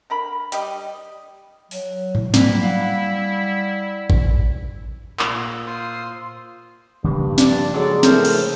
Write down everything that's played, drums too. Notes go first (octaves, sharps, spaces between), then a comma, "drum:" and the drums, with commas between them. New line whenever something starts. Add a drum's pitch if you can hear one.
D3 A#4 B5
G3 G4 D#5, drum: hi-hat
F#3, drum: open hi-hat
drum: tom G#2
F#3 G3 A#3 E4, drum: snare
F5 F#5
drum: kick G#1
A#2 E6, drum: clap
F4 C5 C6 D#6
G2 C#3 F3 A#3
D4 D5, drum: snare
F#3 G#3 B3 G#4 A4 D5
A2 A4 A#4 C5, drum: snare
drum: cymbal